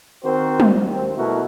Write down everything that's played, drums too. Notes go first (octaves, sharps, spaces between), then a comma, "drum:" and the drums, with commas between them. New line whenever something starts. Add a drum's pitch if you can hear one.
D#3 C4 F#4 A#4 C5
drum: tom
D#2 C4
B2 A3 E4 F#4 A#4